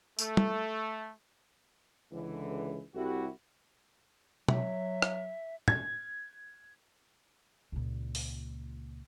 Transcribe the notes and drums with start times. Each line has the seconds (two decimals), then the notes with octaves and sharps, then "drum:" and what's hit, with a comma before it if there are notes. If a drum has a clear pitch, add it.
0.19 A3, drum: tambourine
0.37 drum: tom
2.12 C#2 D3 E3
2.95 C2 E4 F#4 G4
4.48 F#3 E5, drum: tom B2
5.02 drum: rim click
5.68 G#6, drum: tom
7.72 C#2 A#2
8.15 drum: open hi-hat